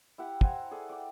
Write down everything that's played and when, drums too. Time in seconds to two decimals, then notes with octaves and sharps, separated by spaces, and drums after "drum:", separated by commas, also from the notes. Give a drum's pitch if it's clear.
0.18 E4 G4 F5 F#5
0.41 C5 F#5 G#5 A#5, drum: kick
0.71 G#4 A4 D5
0.89 D5 G5 D6